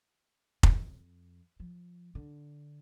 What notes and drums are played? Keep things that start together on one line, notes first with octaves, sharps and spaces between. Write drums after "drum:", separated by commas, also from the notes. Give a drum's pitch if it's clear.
F2, drum: kick F1
F3
D3